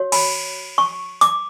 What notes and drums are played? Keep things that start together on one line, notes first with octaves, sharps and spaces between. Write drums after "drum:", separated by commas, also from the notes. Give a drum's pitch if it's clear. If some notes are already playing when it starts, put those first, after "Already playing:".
Already playing: F#4 C#5
B5, drum: cymbal
C#6
D6, drum: hi-hat